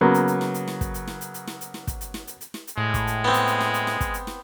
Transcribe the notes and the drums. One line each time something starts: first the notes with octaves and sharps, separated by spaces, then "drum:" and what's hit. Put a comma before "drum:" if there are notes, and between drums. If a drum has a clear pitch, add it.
C#3 F#3 A#3 B3
drum: hi-hat
drum: hi-hat
drum: snare
drum: hi-hat
drum: snare
drum: kick, hi-hat
drum: hi-hat
drum: snare
drum: hi-hat
drum: hi-hat
drum: snare
drum: hi-hat
drum: snare
drum: kick, hi-hat
drum: hi-hat
drum: snare
drum: hi-hat
drum: hi-hat
drum: snare
drum: hi-hat
A2 G#3
drum: kick, hi-hat
drum: hi-hat
B3 C4
drum: hi-hat
drum: hi-hat
drum: snare
drum: hi-hat
drum: snare
drum: kick, hi-hat
drum: hi-hat
drum: snare